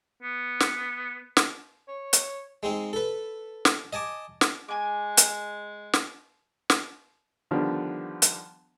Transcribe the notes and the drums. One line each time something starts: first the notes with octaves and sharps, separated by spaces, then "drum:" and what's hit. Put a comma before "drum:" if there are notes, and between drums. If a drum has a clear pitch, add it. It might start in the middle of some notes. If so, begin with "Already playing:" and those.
B3
drum: snare
drum: snare
C#5
drum: hi-hat
G#3 C4 D#4
A4 B4
drum: snare
D#5 G#5 A5 D6
drum: snare
G#3 G#5 D6
drum: hi-hat
drum: snare
drum: snare
D3 D#3 F3 G3 B3 D4
drum: hi-hat